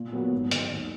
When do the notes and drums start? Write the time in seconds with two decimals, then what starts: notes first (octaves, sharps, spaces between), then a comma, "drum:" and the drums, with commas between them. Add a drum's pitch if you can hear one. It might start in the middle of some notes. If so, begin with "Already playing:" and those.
Already playing: A#2
0.12 F#3 B3 F#4 A#4
0.32 G#1
0.51 F#2 D#3 F#3, drum: hi-hat
0.71 D#2